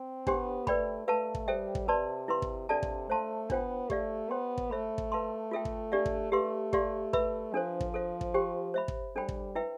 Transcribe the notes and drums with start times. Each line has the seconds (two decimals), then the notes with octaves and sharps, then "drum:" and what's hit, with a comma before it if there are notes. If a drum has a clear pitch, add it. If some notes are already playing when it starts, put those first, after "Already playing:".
Already playing: C4
0.27 B3 D4 G4 C5 G5 C6, drum: kick
0.67 A3 B4 D5 G5 B5, drum: kick
1.08 A3 B4 F5 A5
1.35 drum: kick
1.48 G3 A4 C5 E5 G5
1.75 drum: kick
1.88 C3 B4 D5 A5 C6
2.28 E4 B4 F5 C6
2.42 drum: kick
2.69 C3 D4 A4 D5 F5 A5
2.83 drum: kick
3.10 A3 C5 F5 A5 C6
3.50 B3 D4 F4 C5 G5, drum: kick
3.90 A3 G4 D5 F5, drum: kick
4.30 B3 C5 G5 C6
4.57 drum: kick
4.71 A3 C5 E5 B5
4.98 drum: kick
5.12 B4 F5 A5 C6
5.51 F4 A4 E5 G5
5.65 drum: kick
5.92 D4 G4 D5 F5
6.06 drum: kick
6.32 A3 G4 B4 F5 C6
6.73 G4 D5 F5 C6, drum: kick
7.13 B4 E5 B5, drum: kick
7.54 F3 D4 A4 C5
7.80 drum: kick
7.94 A4 C5 F5
8.21 drum: kick
8.34 G4 C5 G5 C6
8.74 C5 E5 B5
8.88 drum: kick
9.16 G3 D4 A4 C5 G5 B5
9.28 drum: kick
9.55 E4 B4 E5 G5